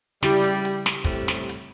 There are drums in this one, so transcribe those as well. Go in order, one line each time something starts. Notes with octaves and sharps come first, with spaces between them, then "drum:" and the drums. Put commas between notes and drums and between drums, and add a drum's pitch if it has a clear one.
C#3 G3 E4 G4, drum: snare
drum: hi-hat
drum: hi-hat
drum: snare
A2 C3 G3, drum: kick, hi-hat
drum: snare
drum: hi-hat